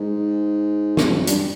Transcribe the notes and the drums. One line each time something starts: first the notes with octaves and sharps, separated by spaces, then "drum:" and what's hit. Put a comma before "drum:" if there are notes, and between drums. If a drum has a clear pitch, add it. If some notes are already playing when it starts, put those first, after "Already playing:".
Already playing: G#2
E2, drum: snare
F2
F#2
G2, drum: hi-hat